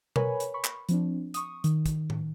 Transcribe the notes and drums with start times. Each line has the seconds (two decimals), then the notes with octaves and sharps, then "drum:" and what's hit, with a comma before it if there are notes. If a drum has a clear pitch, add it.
0.16 A#4 B4 C#5 G#5 B5, drum: tom
0.40 drum: hi-hat
0.54 B5 C#6
0.64 drum: clap
0.89 F3 C4 D4, drum: hi-hat
1.34 C#6 D#6, drum: hi-hat
1.64 D#3, drum: hi-hat
1.86 drum: kick, hi-hat
2.10 drum: tom A2